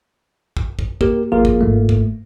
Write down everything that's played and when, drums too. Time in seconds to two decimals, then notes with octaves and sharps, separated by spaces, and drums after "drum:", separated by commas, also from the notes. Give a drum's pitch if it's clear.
0.57 drum: kick
0.79 drum: kick
1.01 A#3 G4 A#4, drum: kick
1.32 G#1 F3 A#3 F4 G#4
1.45 drum: kick
1.61 G1 G#2 A3
1.89 drum: kick